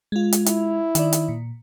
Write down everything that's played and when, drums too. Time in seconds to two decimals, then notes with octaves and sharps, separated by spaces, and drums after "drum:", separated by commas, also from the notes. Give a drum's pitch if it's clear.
0.12 G#3 F4
0.32 drum: hi-hat
0.46 E4, drum: hi-hat
0.95 D#3 D5, drum: hi-hat
1.13 drum: hi-hat
1.29 A#2